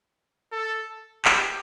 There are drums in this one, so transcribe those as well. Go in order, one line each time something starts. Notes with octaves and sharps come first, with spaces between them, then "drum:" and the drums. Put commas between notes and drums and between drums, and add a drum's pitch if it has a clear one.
A4
G4, drum: clap